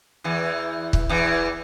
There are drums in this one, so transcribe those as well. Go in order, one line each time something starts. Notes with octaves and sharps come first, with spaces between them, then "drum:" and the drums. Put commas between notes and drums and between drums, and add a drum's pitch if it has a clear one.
E2 E3
drum: kick
E2 E3